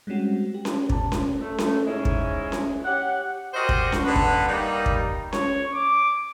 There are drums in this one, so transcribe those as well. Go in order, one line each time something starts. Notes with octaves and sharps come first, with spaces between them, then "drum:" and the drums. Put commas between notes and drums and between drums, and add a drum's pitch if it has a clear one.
G3 G#3 C4 C#4 F#4
G4
drum: snare C#4
B2 A5, drum: kick
drum: snare C#4
A3
drum: snare C#4
G#2 G#3 C#4 E4 G#4
drum: kick
drum: snare C#4
G4 C#5 F#5
F#4 G4 A#4 C5 D5 D#5
drum: kick
drum: snare C#4
G2 D3 B3 B4
drum: kick
G3 A#3 D#4
drum: kick
C#5, drum: snare C#4
D6